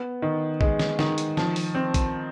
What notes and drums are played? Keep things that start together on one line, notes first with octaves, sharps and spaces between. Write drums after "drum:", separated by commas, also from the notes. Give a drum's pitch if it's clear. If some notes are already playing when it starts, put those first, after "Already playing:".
Already playing: B3
D#3
G#3, drum: kick A#1
drum: snare
D#3, drum: snare
drum: hi-hat
F3, drum: snare
drum: open hi-hat
C4
drum: kick A#1, hi-hat